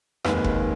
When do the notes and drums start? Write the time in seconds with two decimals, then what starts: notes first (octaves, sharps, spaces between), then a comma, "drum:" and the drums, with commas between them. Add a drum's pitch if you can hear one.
0.24 F1 D#2 D#3 G#3 B4, drum: rim click
0.45 drum: kick F#1